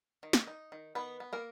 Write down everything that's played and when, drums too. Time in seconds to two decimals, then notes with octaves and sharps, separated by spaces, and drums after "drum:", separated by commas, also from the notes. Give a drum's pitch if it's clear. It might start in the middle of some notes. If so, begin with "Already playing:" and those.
0.23 D#3
0.33 drum: snare
0.47 D#4
0.72 D#3
0.95 D#3 B3 B4
1.20 B3
1.33 A#3 A#4